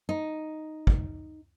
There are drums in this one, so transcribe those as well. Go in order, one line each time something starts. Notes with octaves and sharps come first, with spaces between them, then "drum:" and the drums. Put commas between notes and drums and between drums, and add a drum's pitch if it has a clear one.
D#4
drum: kick